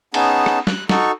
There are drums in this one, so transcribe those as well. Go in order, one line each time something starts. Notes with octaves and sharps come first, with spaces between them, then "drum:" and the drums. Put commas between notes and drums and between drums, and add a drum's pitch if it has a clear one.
B3 C#4 D#4 G#4 A5, drum: cymbal
drum: rim click
F#6, drum: snare
D#4 F#4 A4 C#6, drum: snare